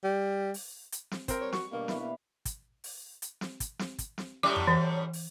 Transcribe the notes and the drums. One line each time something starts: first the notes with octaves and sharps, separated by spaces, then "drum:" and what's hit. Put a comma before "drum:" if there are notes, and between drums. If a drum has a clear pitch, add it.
G3
drum: open hi-hat
drum: hi-hat
drum: snare
C4 A#4, drum: kick, hi-hat
G3 C#5
F#4 C#6, drum: snare
B2 D3 G3 A#3
E3 B3 B5, drum: snare
A#3 F5
drum: kick, hi-hat
drum: open hi-hat
drum: hi-hat
drum: snare
drum: kick, hi-hat
drum: snare
drum: kick, hi-hat
drum: snare
F#2 A2 G3 D6
drum: tom F2
E3
drum: open hi-hat